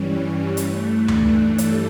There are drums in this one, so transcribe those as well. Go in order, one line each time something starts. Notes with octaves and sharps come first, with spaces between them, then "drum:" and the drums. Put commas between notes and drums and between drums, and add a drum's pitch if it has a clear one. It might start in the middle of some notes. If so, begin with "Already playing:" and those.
Already playing: G2 E3 G3 C#4
G2 E3 A3, drum: hi-hat
D4, drum: tom D2
G2 E3 G3 A4, drum: hi-hat